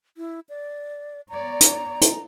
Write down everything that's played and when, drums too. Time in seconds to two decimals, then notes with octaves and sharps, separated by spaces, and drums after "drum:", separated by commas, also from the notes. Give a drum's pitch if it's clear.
0.17 E4
0.49 D5
1.29 B3 C#5 D5 A#5
1.60 drum: hi-hat
2.01 drum: hi-hat